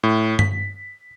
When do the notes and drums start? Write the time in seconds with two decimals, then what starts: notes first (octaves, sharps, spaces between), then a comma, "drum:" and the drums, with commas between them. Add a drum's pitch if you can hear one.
0.03 A2
0.39 B6, drum: tom G2